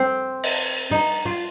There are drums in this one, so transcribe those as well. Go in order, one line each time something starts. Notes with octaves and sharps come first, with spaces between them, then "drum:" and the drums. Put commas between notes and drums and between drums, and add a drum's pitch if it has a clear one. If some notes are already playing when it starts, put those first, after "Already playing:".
Already playing: C4
drum: open hi-hat
D#4
F4